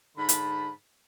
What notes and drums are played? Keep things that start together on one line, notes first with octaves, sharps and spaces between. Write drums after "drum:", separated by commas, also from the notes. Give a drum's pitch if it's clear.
G#2 D3 A5 B5
drum: hi-hat